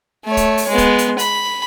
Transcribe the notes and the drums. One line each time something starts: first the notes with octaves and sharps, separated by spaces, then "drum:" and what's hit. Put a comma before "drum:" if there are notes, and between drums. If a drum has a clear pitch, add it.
A3 C#5
drum: kick, hi-hat
drum: open hi-hat
G#3 B3
drum: kick, hi-hat
drum: hi-hat
B5, drum: hi-hat